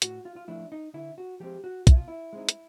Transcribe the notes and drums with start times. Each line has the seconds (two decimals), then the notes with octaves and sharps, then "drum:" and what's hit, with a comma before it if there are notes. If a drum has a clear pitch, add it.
0.02 A2 F#4, drum: hi-hat
0.25 F4
0.36 F4
0.48 F3 A3 D4 E4
0.72 D#4
0.94 D3 E4
1.18 F#4
1.40 F3 G#3 C4 G4
1.64 F#4
1.87 B2 E4, drum: kick, hi-hat
1.97 F4
2.08 E4
2.33 G#3 C4 D#4
2.49 drum: hi-hat